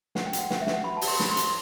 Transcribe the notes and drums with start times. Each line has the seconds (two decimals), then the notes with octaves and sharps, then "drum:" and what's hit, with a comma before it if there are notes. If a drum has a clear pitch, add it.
0.15 B4 F#5, drum: snare
0.26 G5
0.33 F#4, drum: hi-hat
0.38 F#5
0.50 B4 F#5, drum: snare
0.61 E5
0.67 B4, drum: snare
0.74 F#5
0.84 F#4 B5
0.97 A5
1.01 F#4, drum: open hi-hat
1.08 C6
1.20 C5 B5, drum: snare
1.31 C6
1.37 C5, drum: hi-hat
1.43 C6